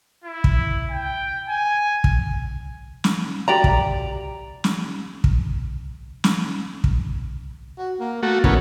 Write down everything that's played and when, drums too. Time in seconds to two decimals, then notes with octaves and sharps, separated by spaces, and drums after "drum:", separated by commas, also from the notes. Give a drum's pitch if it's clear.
0.24 E4
0.44 drum: kick
0.91 G5
1.49 G#5
2.04 drum: kick
3.04 drum: snare
3.48 G4 D5 A#5
3.64 drum: kick
4.64 drum: snare
5.24 drum: kick
6.24 drum: snare
6.84 drum: kick
7.78 F#4
8.00 A#3
8.23 A3 A#3 F#4
8.44 F#2 E3 B3 C#4, drum: kick